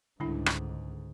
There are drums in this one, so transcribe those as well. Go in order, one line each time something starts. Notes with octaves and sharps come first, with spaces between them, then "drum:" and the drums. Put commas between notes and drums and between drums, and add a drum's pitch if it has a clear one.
C#2 G#2 D3 G3 D4 E4
drum: rim click